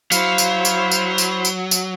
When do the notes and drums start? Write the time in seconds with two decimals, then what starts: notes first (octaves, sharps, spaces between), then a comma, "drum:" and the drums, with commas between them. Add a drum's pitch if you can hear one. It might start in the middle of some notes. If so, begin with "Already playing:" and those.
0.12 F#3 E4 C5 F5 B5, drum: tambourine
0.38 drum: tambourine
0.65 drum: tambourine
0.91 drum: tambourine
1.18 drum: tambourine
1.45 drum: tambourine
1.71 drum: tambourine